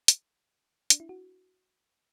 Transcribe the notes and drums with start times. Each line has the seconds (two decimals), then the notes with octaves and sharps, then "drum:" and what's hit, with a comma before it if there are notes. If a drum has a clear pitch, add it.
0.08 drum: hi-hat
0.90 D4, drum: hi-hat
1.00 E4
1.09 F#4